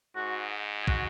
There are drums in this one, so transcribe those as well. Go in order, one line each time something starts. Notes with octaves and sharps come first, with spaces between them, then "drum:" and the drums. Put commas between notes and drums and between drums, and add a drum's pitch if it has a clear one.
G#2 F#4
G#4
F#4, drum: kick